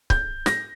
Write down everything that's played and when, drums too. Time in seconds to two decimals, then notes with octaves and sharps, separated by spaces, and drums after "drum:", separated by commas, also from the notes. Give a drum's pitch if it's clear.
0.10 G6, drum: kick C#1
0.46 A#6, drum: snare